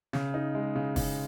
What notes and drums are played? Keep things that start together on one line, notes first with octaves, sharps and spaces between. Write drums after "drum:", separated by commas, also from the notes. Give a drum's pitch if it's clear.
C#3, drum: snare
D#4
G#3
C#3
C#3, drum: kick, open hi-hat